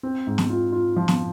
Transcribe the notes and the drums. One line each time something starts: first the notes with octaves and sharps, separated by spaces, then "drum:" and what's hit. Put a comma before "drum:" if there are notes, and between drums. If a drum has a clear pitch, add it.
C4
G#2
drum: snare
F4
F4
F3
drum: snare